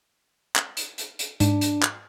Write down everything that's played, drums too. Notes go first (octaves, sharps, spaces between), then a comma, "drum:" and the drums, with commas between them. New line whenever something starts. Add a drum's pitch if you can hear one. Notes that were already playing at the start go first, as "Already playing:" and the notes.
drum: clap
drum: hi-hat
drum: hi-hat
drum: hi-hat
G#2 D4, drum: hi-hat
drum: hi-hat
drum: clap